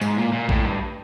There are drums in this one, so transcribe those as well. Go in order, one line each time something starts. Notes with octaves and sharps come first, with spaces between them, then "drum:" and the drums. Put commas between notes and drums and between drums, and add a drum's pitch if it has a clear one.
G#2, drum: tambourine
A#2
A#2
A2, drum: kick A#1
G2